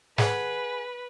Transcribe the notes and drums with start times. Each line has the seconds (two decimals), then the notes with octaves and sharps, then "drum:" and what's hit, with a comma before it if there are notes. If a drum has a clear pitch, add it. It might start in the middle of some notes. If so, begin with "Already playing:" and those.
0.18 G#4 B4 F#5, drum: snare